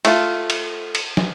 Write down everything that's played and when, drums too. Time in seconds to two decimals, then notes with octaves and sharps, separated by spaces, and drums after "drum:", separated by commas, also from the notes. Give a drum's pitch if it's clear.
0.05 A3 F4, drum: cymbal
0.50 drum: cymbal
0.95 drum: cymbal
1.17 drum: snare